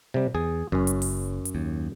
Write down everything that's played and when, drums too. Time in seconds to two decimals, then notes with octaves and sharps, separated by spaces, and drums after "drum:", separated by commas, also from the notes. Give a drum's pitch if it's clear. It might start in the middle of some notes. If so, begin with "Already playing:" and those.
0.14 C3 G3
0.35 E2 G#4
0.72 F#1 F#2 C#4
0.87 drum: hi-hat
1.02 drum: open hi-hat
1.45 drum: hi-hat
1.55 D#2